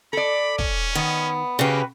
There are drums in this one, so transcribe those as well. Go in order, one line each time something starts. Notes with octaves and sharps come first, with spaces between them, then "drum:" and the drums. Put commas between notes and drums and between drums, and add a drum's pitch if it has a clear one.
A4 D5 B5
C#4, drum: kick
D#3 B3
C#3 A#3 F#4 G4 B4